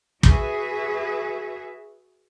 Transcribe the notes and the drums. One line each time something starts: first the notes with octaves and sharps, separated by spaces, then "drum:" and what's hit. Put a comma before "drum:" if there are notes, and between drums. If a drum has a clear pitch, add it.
F#4 G#4 B4 E5, drum: kick